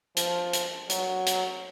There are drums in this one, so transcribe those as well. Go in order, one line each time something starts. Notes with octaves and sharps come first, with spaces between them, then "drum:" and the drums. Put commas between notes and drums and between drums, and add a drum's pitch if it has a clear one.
F3, drum: hi-hat
drum: hi-hat
F#3, drum: hi-hat
drum: hi-hat